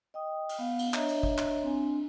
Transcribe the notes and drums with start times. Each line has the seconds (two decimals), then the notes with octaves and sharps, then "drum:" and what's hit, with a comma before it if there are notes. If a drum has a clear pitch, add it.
0.14 D#5 G5 D#6
0.49 drum: cymbal
0.59 B3 F5 F#5
0.79 drum: cymbal
0.94 D4 C#5 D#5 E5 A#5, drum: clap
1.09 drum: cymbal
1.23 drum: kick
1.38 drum: clap
1.63 C4 D4 G#5